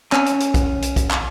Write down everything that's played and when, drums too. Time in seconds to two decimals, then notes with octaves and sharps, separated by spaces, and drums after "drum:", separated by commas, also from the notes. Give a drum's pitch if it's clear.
0.12 C#4, drum: clap
0.26 drum: hi-hat
0.40 drum: hi-hat
0.54 drum: kick, hi-hat
0.82 drum: hi-hat
0.96 drum: kick, hi-hat
1.10 drum: clap